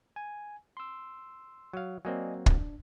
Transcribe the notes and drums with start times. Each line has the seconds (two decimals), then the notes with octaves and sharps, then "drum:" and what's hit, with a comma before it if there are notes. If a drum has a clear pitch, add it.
0.16 G#5
0.77 C6 E6
1.73 F#3 F5
2.05 F#3 A#3 C4 D5 D#5 G#5
2.46 D4, drum: kick